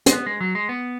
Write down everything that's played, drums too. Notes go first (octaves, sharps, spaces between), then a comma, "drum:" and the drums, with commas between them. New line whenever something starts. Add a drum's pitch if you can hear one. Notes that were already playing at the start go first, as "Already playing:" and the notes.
G#3, drum: hi-hat
B3
G#3
F#3
G#3
B3